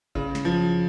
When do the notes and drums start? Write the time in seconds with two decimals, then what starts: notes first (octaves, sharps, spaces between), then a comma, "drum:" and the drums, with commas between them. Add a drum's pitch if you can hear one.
0.15 C#3, drum: kick G#1
0.35 drum: snare
0.45 F3